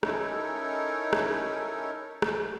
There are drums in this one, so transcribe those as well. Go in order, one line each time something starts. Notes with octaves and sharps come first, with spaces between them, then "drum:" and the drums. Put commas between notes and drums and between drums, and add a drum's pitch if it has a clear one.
C#4 D#4 E4 A4 A#4 C#5, drum: rim click
drum: rim click
drum: rim click